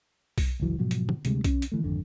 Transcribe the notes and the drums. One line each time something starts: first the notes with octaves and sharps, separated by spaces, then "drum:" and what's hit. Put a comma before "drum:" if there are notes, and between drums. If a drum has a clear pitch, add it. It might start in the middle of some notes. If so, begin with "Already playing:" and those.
drum: kick B1, open hi-hat
G1 C#2 E3 F#3
G#2 B2 F3 F#3
drum: hi-hat
drum: tom
D2 C3 G3 G#3, drum: hi-hat
C#4, drum: kick B1, hi-hat
drum: hi-hat
D#3 E3 A3
G#1 F2 D3